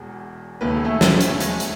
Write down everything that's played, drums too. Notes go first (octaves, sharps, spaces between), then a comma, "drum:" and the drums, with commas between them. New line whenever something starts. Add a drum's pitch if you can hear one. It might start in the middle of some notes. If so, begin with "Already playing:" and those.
Already playing: E1 E2 B2 G#4
E1 D#2 C#3 B4
A4
G#4
A3 A4
C#4 C#5, drum: snare
drum: hi-hat
G#3 G#4, drum: hi-hat
drum: hi-hat